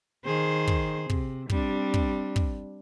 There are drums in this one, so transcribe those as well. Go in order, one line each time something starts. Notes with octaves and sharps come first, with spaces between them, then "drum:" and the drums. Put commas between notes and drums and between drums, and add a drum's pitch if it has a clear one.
D#3 G#4 C5
drum: kick
C3, drum: kick
G3 C4 D4, drum: kick
drum: kick
drum: kick